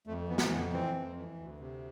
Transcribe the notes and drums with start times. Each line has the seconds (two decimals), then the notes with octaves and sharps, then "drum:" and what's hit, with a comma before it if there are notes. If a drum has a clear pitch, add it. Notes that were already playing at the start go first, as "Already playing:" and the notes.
0.07 F2 A3
0.28 E3 B3
0.38 drum: snare
0.50 F2 B3
0.73 E3 C4
0.94 F2
1.17 E3
1.38 D2
1.60 C3